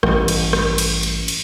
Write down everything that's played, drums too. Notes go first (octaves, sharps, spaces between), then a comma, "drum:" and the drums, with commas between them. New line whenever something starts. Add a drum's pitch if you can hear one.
A1 G2, drum: rim click
drum: cymbal
drum: rim click
drum: cymbal
drum: cymbal
drum: cymbal